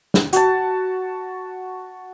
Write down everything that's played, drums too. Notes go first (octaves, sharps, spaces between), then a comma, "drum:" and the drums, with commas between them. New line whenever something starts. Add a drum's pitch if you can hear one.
drum: snare
F#4 A5, drum: hi-hat